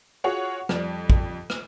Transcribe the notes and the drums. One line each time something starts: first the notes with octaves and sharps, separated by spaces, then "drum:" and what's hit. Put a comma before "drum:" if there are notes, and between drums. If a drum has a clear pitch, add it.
F4 F#4 G#4 C#5 F#5 C#6
F2 G3, drum: rim click
drum: kick A1
drum: rim click